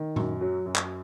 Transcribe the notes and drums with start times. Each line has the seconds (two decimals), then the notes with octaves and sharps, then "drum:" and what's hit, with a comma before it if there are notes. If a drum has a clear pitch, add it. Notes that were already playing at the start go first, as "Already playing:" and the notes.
Already playing: D#3
0.16 F#2, drum: tom A#2
0.41 F#3
0.66 F#2
0.76 drum: clap